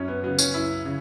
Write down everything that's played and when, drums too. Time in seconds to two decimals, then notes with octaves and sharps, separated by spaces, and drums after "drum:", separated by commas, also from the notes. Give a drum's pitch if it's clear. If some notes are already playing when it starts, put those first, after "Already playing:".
Already playing: F#2 C#4
0.08 B3
0.23 C#3 F#3 B3
0.39 C#4, drum: tambourine
0.54 F#2 E4
0.85 C#3